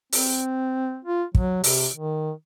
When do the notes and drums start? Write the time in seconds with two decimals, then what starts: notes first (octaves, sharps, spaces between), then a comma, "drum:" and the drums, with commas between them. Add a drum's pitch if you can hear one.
0.12 C4, drum: open hi-hat
1.05 F4
1.35 F#3, drum: kick
1.64 C3, drum: open hi-hat
1.95 D#3